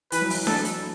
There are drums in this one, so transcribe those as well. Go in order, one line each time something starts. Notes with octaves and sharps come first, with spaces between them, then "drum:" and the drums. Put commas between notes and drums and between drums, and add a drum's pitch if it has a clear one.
E3 B4, drum: hi-hat
F#3
E3, drum: open hi-hat
A4, drum: snare D4
drum: hi-hat